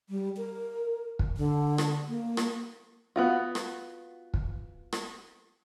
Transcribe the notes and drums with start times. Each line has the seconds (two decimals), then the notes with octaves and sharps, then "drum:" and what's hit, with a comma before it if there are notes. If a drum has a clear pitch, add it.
0.09 G3
0.37 A#4
1.19 drum: kick
1.37 D3
1.78 drum: rim click
2.08 A#3
2.37 drum: rim click
3.16 B3 F4 F#4
3.55 drum: rim click
4.34 drum: kick
4.93 drum: rim click